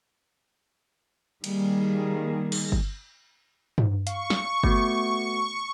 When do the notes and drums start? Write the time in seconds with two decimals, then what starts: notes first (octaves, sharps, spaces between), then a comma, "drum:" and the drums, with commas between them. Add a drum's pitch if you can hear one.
1.44 D#3 G3 A#3 G#4, drum: cymbal
2.52 drum: cymbal
2.72 drum: kick G1
3.78 drum: tom G2
4.07 F5 C#6, drum: hi-hat
4.30 drum: snare
4.64 A3 B3 F#4, drum: kick G1